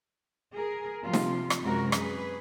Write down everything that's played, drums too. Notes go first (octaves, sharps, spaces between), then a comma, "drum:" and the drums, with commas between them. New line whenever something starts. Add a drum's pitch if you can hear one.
G#4 A#4
C3 F3 G3 F4
drum: snare
drum: rim click
F#2 C3 G#3 F#4 A#4
G#4 B4, drum: rim click